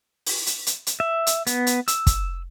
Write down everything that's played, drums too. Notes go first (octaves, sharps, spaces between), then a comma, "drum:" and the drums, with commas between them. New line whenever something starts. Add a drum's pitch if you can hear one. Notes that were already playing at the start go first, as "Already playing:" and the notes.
drum: open hi-hat
drum: hi-hat
drum: hi-hat
drum: hi-hat
E5
drum: hi-hat
B3, drum: hi-hat
drum: hi-hat
E6, drum: hi-hat
drum: kick, hi-hat